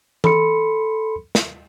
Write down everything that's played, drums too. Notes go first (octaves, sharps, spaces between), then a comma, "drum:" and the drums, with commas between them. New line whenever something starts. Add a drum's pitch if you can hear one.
A4 B5 C6 C#7, drum: tom E3
drum: snare